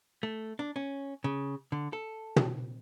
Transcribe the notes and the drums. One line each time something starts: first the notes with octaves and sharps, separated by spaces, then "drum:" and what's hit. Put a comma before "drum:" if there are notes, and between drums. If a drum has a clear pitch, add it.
A3
D4
C#4
C#3
D3
A4
drum: tom